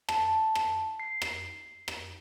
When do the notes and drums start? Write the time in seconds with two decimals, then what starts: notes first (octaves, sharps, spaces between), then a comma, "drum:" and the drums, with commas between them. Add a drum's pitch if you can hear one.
0.09 A5, drum: rim click
0.55 drum: rim click
1.00 C7
1.22 drum: rim click
1.88 drum: rim click